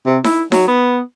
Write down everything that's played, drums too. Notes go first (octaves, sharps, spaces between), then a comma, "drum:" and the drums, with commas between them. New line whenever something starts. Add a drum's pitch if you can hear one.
C3
E4, drum: snare D#4
F#3, drum: snare D#4
B3